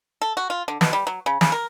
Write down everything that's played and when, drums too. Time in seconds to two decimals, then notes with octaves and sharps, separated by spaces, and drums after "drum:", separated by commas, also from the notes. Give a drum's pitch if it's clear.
0.22 A4
0.37 F#4
0.50 F4
0.68 D3
0.81 B2, drum: snare
0.93 G3
1.07 F#3
1.26 C#3
1.41 C#3, drum: snare
1.52 A#4